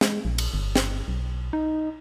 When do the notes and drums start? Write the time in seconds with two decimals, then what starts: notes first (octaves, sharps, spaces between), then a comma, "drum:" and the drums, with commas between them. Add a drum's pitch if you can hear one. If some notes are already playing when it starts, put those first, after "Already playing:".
0.01 G#3, drum: snare
0.25 A#1
0.38 drum: cymbal
0.54 G1
0.76 drum: snare
1.08 B1
1.53 D#4